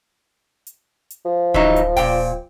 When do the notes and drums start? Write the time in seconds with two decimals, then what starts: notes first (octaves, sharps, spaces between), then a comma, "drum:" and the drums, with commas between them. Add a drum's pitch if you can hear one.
0.67 drum: hi-hat
1.10 drum: hi-hat
1.25 F3
1.54 E3 F#3 D#4, drum: kick D1
1.76 drum: hi-hat
1.97 A#2 G5, drum: kick D1, open hi-hat